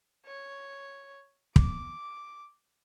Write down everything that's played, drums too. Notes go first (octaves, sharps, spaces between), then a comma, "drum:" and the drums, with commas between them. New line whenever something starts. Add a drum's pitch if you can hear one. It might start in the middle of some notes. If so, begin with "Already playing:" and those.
C#5
D6, drum: kick